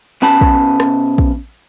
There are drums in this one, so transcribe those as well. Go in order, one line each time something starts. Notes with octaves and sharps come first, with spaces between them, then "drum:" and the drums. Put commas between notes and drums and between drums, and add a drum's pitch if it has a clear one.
B2 C#4 A5 B5
drum: kick
drum: rim click
drum: kick